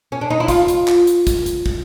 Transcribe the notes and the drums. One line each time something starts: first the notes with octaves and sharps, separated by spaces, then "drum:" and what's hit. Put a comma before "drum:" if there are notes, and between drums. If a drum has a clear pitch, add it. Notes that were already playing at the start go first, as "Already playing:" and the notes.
C#4
D4
D#4
E4
F4, drum: kick, hi-hat
drum: hi-hat
drum: clap
drum: hi-hat
drum: kick, hi-hat
drum: hi-hat
drum: kick